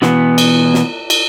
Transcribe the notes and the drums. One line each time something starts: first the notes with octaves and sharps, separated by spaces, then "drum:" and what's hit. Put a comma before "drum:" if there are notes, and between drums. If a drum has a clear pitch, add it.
B2 E3 B3, drum: snare
drum: cymbal
drum: snare
drum: cymbal